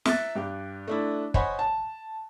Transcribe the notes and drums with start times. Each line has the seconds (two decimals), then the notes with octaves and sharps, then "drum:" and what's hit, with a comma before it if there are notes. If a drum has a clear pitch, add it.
0.05 E5 F#6 A6, drum: snare
0.35 G2 G4
0.87 A3 D4 E4
1.34 C5 C#5 D#5 F#5 G#5 B5, drum: kick
1.59 A5